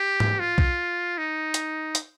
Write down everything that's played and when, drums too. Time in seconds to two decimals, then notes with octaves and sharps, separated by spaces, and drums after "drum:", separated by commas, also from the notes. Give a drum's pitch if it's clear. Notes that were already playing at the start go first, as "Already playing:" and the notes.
Already playing: G4
0.20 drum: tom G#2
0.39 F4
0.58 drum: kick B1
1.17 D#4
1.54 drum: hi-hat
1.95 drum: hi-hat